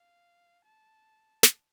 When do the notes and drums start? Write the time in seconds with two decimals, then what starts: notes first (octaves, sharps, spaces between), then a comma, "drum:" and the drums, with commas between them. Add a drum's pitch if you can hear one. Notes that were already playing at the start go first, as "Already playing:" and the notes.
Already playing: F5
0.65 A5
1.43 drum: snare